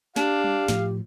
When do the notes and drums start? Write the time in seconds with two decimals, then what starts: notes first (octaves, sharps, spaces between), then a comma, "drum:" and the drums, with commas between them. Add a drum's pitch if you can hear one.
0.16 D4 G4 F5, drum: snare
0.44 drum: tom G3
0.68 A2 F3, drum: snare